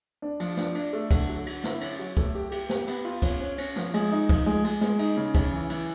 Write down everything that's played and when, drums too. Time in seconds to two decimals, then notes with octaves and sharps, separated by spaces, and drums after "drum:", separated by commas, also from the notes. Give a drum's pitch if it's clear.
0.22 D4
0.40 F3, drum: cymbal
0.57 D4, drum: snare
0.75 D4, drum: cymbal
0.93 A3
1.11 D3, drum: kick, cymbal
1.29 F#3
1.46 D3, drum: cymbal
1.64 E4, drum: snare
1.81 C#4, drum: cymbal
1.99 F#3
2.17 A3, drum: kick
2.35 G4
2.52 G4, drum: cymbal
2.69 G4, drum: snare
2.87 B3, drum: cymbal
3.05 F4
3.22 C#4, drum: kick, cymbal
3.41 C#4
3.58 C#4, drum: cymbal
3.76 F3, drum: snare
3.94 G#3, drum: cymbal
4.12 D#4
4.29 F3, drum: kick, cymbal
4.46 G#3
4.64 G#3, drum: cymbal
4.81 G#3, drum: snare
4.99 D#4, drum: cymbal
5.17 C#3
5.35 C#3, drum: kick, cymbal
5.52 E3
5.70 E3, drum: cymbal